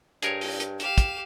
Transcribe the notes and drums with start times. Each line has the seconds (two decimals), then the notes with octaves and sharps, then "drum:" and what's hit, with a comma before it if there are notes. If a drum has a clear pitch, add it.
0.23 G2 G#4 A#4 C#5, drum: hi-hat
0.41 drum: open hi-hat
0.60 drum: hi-hat
0.80 G4 F5 E7, drum: hi-hat
0.98 drum: kick, hi-hat